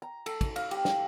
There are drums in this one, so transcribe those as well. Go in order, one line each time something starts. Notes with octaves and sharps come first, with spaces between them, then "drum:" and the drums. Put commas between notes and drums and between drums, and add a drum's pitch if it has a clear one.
A#5
A4, drum: cymbal
drum: kick, cymbal
F5, drum: cymbal
G4, drum: cymbal
drum: snare